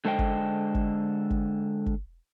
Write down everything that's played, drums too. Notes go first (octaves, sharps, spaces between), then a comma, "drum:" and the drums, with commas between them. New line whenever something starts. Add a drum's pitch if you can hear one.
D3 G#3 A4 C5 D#5 G5
drum: kick G1
drum: kick G1
drum: kick G1
drum: kick G1